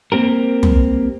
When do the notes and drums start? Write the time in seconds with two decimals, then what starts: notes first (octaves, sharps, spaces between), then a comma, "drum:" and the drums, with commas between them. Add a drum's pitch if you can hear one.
0.12 A#3 C4 G4 A#4
0.63 drum: tom